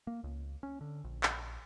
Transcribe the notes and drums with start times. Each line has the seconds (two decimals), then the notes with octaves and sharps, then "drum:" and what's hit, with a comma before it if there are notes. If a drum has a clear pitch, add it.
0.07 A#3
0.24 C#2
0.63 C#4
0.81 D3
1.04 A#1
1.23 drum: clap